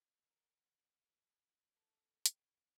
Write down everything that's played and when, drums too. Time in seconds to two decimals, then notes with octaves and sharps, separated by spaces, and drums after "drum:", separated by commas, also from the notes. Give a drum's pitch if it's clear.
0.30 A#4
0.62 D5 F#5
1.18 B5
1.76 E4 A4 B4
2.26 F5 G5, drum: hi-hat